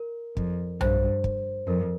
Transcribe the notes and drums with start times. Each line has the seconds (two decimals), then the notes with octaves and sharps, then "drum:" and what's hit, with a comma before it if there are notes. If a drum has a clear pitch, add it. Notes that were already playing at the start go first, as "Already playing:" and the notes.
Already playing: A#4
0.37 F2, drum: kick
0.81 G2 C5, drum: tom B1
1.24 drum: kick
1.67 F2 A#4